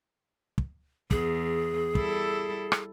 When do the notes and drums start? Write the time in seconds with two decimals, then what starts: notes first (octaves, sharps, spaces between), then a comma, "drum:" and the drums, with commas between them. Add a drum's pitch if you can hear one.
0.58 drum: kick
1.11 E2 G#4, drum: kick
1.95 G3 E4 A4, drum: kick
2.72 drum: rim click